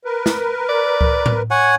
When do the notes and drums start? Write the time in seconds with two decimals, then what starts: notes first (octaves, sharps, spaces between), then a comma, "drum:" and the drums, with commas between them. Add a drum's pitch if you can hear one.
0.05 A#4 B4
0.26 drum: snare
0.69 D5
1.01 drum: kick C#2
1.26 drum: tom A2
1.51 C#5 F#5 G#5